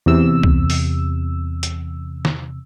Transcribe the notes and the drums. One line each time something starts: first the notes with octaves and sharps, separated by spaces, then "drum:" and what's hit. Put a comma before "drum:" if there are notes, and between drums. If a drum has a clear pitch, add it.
E2 C3 E6
drum: kick C2
drum: open hi-hat
drum: hi-hat
drum: snare